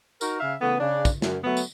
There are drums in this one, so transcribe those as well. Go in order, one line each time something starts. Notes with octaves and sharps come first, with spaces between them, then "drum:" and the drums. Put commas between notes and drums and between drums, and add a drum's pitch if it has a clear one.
D#4 F#4 A#4, drum: tambourine
C#3 E5 F5
C#3 E3 A3 B3
C#3 D4
drum: kick, tambourine
F#2, drum: snare
F#3 A3 B3
drum: tambourine